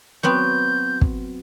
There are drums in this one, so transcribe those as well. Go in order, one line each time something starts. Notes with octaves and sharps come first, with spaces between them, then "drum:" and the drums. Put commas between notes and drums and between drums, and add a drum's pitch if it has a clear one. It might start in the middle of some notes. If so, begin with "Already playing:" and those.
F#3 B3 C4 G6
drum: kick